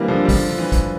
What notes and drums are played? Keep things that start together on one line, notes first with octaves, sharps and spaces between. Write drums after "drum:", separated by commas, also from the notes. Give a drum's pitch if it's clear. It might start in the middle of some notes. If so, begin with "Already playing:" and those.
Already playing: E3 G3 A#3 C4 D4 E4
D3 F3
G3
D3 F3, drum: kick, open hi-hat
D3
E3
drum: kick, hi-hat